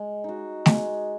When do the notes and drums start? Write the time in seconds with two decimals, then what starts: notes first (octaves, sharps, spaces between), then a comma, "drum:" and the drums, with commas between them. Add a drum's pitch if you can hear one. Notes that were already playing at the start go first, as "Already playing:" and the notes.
Already playing: G#3
0.24 D#4 F#4
0.66 G#3, drum: snare A3